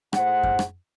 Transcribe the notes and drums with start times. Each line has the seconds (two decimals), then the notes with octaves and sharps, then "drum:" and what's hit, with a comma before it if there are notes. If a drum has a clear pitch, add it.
0.13 A2 G#4 C5 F#5, drum: rim click
0.43 drum: kick F#2
0.59 drum: rim click